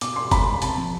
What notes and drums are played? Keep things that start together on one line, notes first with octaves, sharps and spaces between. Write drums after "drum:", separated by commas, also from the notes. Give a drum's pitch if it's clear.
B2 D6, drum: hi-hat
C6
B2 B5, drum: kick F#1, hi-hat
C3 A5, drum: hi-hat
F3